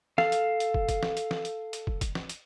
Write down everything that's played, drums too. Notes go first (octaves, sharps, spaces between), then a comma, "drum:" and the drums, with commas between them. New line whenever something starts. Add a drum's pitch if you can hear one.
A4 F5, drum: snare
drum: hi-hat
drum: hi-hat
drum: kick
drum: kick, hi-hat
drum: snare
drum: hi-hat
drum: snare
drum: hi-hat
drum: hi-hat
drum: kick
drum: kick, hi-hat
drum: snare
drum: hi-hat